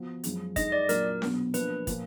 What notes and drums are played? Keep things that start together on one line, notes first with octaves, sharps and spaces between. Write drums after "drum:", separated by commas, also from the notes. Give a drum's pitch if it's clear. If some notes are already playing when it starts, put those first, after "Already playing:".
Already playing: F3 B3 F#4
F#2 F3 G#3, drum: hi-hat
F2 D#3 G#3 D#4 D#5, drum: kick, hi-hat
D5
A#2 F#3 D4 F4 A#4, drum: hi-hat
B2 F#3 B3 D4, drum: snare C#4
F3 A#3 D4 B4, drum: hi-hat
A#2 F3 A#3, drum: kick, hi-hat